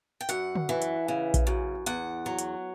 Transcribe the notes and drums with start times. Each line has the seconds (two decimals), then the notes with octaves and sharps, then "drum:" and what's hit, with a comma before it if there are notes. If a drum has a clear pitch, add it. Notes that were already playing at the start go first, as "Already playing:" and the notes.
0.21 G5
0.29 F#2 F#5, drum: hi-hat
0.55 drum: tom
0.69 E3
0.82 drum: hi-hat
1.08 C#3
1.34 drum: kick A#1, hi-hat
1.47 F#2
1.86 E2 F#5, drum: hi-hat
2.26 F#3
2.39 drum: hi-hat